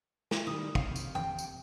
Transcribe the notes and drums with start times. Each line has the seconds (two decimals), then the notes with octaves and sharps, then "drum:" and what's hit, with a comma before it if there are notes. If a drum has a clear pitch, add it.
0.31 C6, drum: snare
0.47 D#3 G3 D#6
0.75 C3 F5, drum: kick
0.96 drum: tambourine
1.15 G5, drum: tom
1.39 drum: tambourine